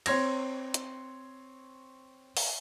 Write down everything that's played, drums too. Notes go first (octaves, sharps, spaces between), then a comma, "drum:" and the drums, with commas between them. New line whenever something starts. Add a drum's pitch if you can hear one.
C4 C#5 C6 G#6 A#6, drum: cymbal
drum: hi-hat
drum: open hi-hat